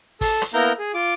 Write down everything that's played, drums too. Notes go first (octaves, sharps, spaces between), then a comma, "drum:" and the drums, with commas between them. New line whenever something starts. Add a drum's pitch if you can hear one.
A4, drum: kick, open hi-hat
drum: rim click
A#3 B3 E4 A#4 A#5 G6
G#4
F4 D6